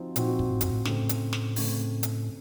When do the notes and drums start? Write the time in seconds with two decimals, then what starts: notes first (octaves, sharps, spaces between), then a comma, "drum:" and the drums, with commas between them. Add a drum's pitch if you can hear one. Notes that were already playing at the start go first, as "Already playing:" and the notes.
Already playing: F3 C4 D#4 F#4
0.16 A#2 F3 C4 D#4 F#4, drum: hi-hat
0.39 drum: kick
0.51 A2
0.61 F#2, drum: kick, hi-hat
0.70 A2
0.85 C#3 A3 C4, drum: snare
1.09 drum: hi-hat
1.33 drum: snare
1.56 C#3 A3 C4, drum: open hi-hat
2.03 drum: hi-hat